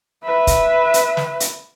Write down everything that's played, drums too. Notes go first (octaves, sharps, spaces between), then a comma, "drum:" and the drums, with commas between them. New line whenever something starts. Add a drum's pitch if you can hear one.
B4 E5
drum: kick, hi-hat
drum: hi-hat
drum: snare
drum: hi-hat